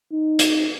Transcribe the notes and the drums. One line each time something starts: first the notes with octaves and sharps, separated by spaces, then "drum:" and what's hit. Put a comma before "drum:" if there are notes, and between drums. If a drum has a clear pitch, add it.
D#4
drum: hi-hat